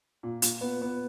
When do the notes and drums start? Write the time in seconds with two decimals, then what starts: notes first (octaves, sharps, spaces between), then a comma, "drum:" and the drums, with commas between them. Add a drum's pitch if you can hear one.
0.23 A#2
0.42 A#2, drum: hi-hat
0.61 B3
0.81 B3